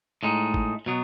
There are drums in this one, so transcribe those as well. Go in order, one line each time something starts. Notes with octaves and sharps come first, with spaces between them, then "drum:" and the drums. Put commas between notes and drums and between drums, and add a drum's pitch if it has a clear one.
A2 G#3 D#4
drum: kick G#1
B2 F#3 B3